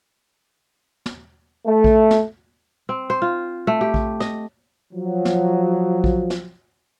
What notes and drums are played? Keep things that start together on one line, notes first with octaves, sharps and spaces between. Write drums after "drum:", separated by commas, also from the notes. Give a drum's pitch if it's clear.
drum: snare
A3
drum: kick A#1
drum: snare
C4
C5
F4
A3
G4
drum: kick A#1
D#5, drum: snare
F3 F#3
drum: snare
drum: kick A#1
drum: snare